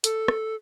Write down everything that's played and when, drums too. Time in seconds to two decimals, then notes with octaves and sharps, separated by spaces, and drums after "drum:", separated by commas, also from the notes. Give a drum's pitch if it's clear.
0.04 A4, drum: hi-hat
0.28 drum: rim click